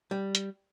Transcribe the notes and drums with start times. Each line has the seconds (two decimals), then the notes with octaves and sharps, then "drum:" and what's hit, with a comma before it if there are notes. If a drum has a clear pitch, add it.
0.11 G3
0.35 drum: hi-hat